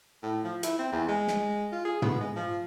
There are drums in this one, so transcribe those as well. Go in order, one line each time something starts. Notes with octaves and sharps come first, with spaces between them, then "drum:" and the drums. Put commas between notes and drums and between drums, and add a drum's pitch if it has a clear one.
A2
F3
E4, drum: hi-hat
C4
E2
G#3
drum: snare
F4
G#4
B3, drum: tom
G#3
F3